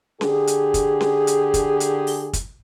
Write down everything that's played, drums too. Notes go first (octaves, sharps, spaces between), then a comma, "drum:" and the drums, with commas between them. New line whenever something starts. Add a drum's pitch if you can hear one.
D3 G4 G#4, drum: snare C#4
drum: hi-hat
drum: kick, hi-hat
drum: snare C#4
drum: hi-hat
drum: kick, hi-hat
drum: hi-hat
drum: open hi-hat
drum: kick, hi-hat